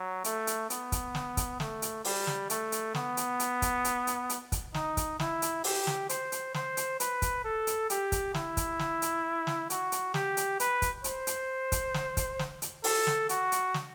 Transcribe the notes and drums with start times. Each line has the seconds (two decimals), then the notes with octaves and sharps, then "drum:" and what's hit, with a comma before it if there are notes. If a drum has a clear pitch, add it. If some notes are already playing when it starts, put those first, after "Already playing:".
Already playing: F#3
0.24 A3, drum: hi-hat
0.47 drum: hi-hat
0.70 B3, drum: hi-hat
0.92 drum: kick, hi-hat
1.15 drum: snare
1.37 drum: kick, hi-hat
1.60 A3, drum: snare
1.82 drum: hi-hat
2.04 G3, drum: open hi-hat
2.27 drum: snare
2.50 A3, drum: hi-hat
2.72 drum: hi-hat
2.95 B3, drum: snare
3.17 drum: hi-hat
3.40 drum: hi-hat
3.62 drum: kick, hi-hat
3.85 drum: hi-hat
4.07 drum: hi-hat
4.30 drum: hi-hat
4.52 drum: kick, hi-hat
4.74 D#4, drum: snare
4.97 drum: kick, hi-hat
5.20 E4, drum: snare
5.42 drum: hi-hat
5.64 G4, drum: open hi-hat
5.87 drum: snare
6.09 C5, drum: hi-hat
6.32 drum: hi-hat
6.54 C5, drum: snare
6.77 drum: hi-hat
7.00 B4, drum: hi-hat
7.22 drum: kick, hi-hat
7.44 A4
7.67 drum: hi-hat
7.90 G4, drum: hi-hat
8.12 drum: kick, hi-hat
8.34 E4, drum: snare
8.57 drum: kick, hi-hat
8.79 drum: snare
9.02 drum: hi-hat
9.47 drum: snare
9.70 F#4, drum: hi-hat
9.92 drum: hi-hat
10.14 G4, drum: snare
10.37 drum: hi-hat
10.60 B4, drum: hi-hat
10.82 drum: kick, hi-hat
11.04 C5, drum: hi-hat
11.27 drum: hi-hat
11.72 drum: kick, hi-hat
11.94 drum: snare
12.17 drum: kick, hi-hat
12.39 drum: snare
12.62 drum: hi-hat
12.84 A4, drum: open hi-hat
13.07 drum: snare
13.29 F#4, drum: hi-hat
13.52 drum: hi-hat
13.74 drum: snare